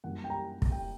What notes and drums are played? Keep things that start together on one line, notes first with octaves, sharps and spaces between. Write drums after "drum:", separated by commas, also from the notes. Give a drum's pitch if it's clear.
F#2 E3 G3 A#3 F#5
G5
A#5
drum: kick
G5